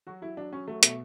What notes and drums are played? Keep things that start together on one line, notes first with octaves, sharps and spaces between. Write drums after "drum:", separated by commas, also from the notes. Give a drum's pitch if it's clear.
F#3 F#4
F#3 E4
F#3 D4
F#3 C#4
F#3 A3
B2 A3, drum: hi-hat